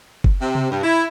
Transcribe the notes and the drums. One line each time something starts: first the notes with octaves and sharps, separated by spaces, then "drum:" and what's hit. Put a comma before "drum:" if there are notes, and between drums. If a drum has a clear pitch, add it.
drum: kick
C3
drum: tom C3
G2
E4